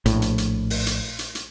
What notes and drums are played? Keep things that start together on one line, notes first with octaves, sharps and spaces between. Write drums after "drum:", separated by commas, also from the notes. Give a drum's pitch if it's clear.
A#1 A2, drum: hi-hat
drum: hi-hat
drum: hi-hat
drum: open hi-hat
drum: hi-hat
drum: hi-hat
drum: hi-hat